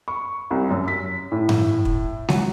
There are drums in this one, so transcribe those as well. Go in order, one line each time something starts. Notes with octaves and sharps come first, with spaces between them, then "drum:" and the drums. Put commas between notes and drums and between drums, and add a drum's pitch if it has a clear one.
C#6
C2
F#2
B6
A2
drum: tom G2
drum: kick
F#3, drum: snare G#3